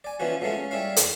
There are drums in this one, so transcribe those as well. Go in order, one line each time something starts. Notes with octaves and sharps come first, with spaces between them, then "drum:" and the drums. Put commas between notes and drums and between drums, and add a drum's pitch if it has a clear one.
D5 G#5
E3 F3 B3 C#4 F#4
F3 F#3 G#3 A3 C#4
C#4
G3 E4 C#5 F5
E2, drum: hi-hat